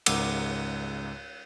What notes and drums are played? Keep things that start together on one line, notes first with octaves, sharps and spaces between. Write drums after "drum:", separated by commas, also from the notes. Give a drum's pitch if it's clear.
C#2 G#2 A#4 F#5 D6 E6, drum: cymbal